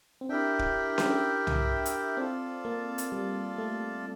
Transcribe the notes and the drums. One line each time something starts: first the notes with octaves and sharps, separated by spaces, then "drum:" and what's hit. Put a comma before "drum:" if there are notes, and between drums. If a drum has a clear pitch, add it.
C4
D4 E4 G4 A#4 E5 G5
drum: kick D1
drum: snare C#4
drum: tom
drum: hi-hat
C4 F4 A4 D5
A#3
drum: hi-hat
G3
A3